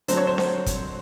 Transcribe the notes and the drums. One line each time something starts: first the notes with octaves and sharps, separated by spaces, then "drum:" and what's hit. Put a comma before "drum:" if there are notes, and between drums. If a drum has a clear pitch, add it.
D3 F#3 A3 C4 C5, drum: hi-hat
C#5
C5
C5, drum: snare C4
drum: kick, hi-hat